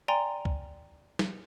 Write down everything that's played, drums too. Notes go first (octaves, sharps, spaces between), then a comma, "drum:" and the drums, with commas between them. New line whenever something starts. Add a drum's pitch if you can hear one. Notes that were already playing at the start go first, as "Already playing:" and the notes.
D5 G5 G#5 A#5 C6
drum: kick
drum: snare